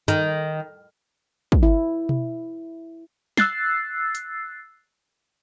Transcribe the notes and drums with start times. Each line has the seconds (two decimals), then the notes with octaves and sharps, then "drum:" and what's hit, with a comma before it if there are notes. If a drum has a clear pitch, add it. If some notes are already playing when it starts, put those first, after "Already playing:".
0.08 D#3, drum: hi-hat
1.52 drum: kick
1.63 E4
2.09 drum: tom B2
3.37 E6 F#6 A6 C7, drum: snare
4.15 drum: hi-hat